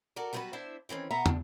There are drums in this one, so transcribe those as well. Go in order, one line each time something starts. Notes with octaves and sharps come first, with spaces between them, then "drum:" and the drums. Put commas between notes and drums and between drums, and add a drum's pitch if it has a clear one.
F#4 A4 A#4 D5
F#3 G3 B3 F4 F#4 B4
D4 E4 C5 E5
D#3 E3 C4 C#4
B2 B3 E5 F#5 A#5
D4, drum: tom